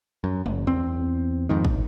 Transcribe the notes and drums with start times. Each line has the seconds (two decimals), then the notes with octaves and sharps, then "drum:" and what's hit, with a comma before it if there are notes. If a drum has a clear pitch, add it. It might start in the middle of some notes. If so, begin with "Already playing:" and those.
0.24 F#2
0.46 F#1, drum: tom
0.67 E2 C4
1.49 F2 G#2 D#3
1.65 A#1, drum: kick